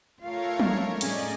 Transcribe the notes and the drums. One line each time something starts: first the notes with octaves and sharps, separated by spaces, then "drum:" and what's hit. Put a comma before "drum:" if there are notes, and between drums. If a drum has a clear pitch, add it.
A3 F4 A#4 C#5 F5
drum: tom
A2 C#4 G#4 D5 D#5 G#5, drum: hi-hat